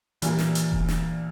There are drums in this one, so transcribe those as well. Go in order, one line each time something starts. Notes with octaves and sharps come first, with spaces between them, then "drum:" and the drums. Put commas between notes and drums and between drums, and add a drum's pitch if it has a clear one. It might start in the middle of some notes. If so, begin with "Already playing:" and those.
A#1 A#2 E3 G3 A#3, drum: hi-hat
drum: snare
drum: hi-hat
drum: kick E1
drum: snare